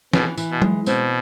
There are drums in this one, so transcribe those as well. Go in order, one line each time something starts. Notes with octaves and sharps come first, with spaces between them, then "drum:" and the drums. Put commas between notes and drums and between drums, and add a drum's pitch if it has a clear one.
B2 E3, drum: snare
E3, drum: tambourine
B2
G#3, drum: tom F#3
B2 C4, drum: tambourine